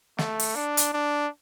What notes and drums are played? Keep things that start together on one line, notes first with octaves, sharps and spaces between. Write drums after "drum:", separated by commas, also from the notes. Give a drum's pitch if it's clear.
A3, drum: snare
drum: open hi-hat
D4
drum: hi-hat
D4